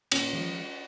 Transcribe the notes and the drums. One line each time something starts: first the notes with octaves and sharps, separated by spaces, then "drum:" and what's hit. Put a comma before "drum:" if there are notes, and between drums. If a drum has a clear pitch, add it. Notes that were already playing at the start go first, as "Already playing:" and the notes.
A#2 C#4, drum: cymbal
F3 G#3